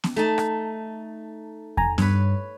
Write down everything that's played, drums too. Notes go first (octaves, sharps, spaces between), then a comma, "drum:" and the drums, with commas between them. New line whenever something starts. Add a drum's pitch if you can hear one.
drum: snare B3
A3 D#4 A5
drum: rim click
G#5 A#5, drum: kick E2
G2 B4 C#5, drum: snare B3